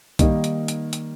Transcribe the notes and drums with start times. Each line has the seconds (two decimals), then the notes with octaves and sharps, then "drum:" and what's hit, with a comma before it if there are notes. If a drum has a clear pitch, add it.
0.19 D#3 G3 A#3 D#4, drum: kick B1, hi-hat
0.44 drum: hi-hat
0.68 drum: hi-hat
0.93 drum: hi-hat